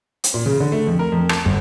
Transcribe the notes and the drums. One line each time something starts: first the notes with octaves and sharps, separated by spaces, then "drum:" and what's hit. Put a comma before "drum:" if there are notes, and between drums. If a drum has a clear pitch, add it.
drum: hi-hat
A#2
C#3
D3
A3
F2
A#4
F2
A5, drum: rim click
G1